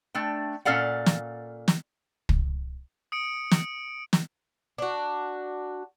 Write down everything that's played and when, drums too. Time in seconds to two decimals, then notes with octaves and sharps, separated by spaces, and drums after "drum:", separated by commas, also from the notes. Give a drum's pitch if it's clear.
0.15 A3 D4 G5
0.65 A#2 C#4 A4 D5 F5 F#5
1.06 drum: snare
1.68 drum: snare
2.29 drum: kick
3.12 D#6 C#7 D7
3.51 drum: snare
4.13 drum: snare
4.78 D4 F#4